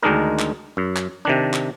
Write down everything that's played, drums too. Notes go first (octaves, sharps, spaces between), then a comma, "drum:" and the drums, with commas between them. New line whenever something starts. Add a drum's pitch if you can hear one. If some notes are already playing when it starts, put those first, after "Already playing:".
D2 D#3 G#3 D4 D#4 A#4
drum: clap
F#2
drum: clap
C3 D#3 D4
drum: clap